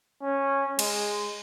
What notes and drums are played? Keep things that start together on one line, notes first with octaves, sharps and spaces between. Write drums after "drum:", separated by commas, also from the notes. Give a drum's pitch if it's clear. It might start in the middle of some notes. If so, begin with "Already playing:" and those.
C#4
G#3, drum: cymbal